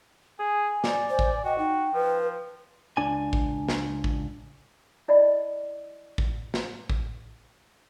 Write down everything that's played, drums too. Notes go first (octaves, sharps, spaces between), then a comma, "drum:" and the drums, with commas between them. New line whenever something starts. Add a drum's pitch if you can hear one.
G#4 G#5
D5, drum: snare
C5
drum: kick A1
F#4 D#5 G5
D#4 G5
F3 B4
C#2 D4 G#5
drum: kick A1
drum: snare
drum: kick A1
E4 D5 D#5 B5
drum: kick A1
drum: snare
drum: kick A1